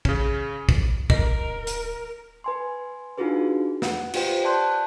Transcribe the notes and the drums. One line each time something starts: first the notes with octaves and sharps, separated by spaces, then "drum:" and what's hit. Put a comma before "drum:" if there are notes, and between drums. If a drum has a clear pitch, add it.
C#3 C#4, drum: kick
drum: kick
D1 A#4 D#5, drum: kick
drum: hi-hat
B4 G#5 C6
D4 D#4 F4 F#4 G#4 B4
F#5, drum: snare
F4 G4 B4 C5 G5, drum: cymbal
D5 A5 C6 F#6 G6